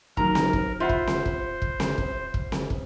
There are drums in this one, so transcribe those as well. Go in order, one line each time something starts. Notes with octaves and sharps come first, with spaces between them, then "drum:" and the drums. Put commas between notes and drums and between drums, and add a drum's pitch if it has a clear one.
D#3 F#3 A#4 A#5, drum: kick
drum: snare C4
drum: kick
F4 C5 E5 F#5 B5
drum: kick
drum: snare C4
drum: kick
drum: kick
drum: snare C4
drum: kick
drum: kick
drum: snare C4
drum: kick